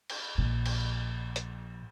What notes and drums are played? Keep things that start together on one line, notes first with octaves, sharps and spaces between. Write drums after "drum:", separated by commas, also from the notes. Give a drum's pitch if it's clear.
drum: cymbal
A#1 A#2
drum: cymbal
drum: hi-hat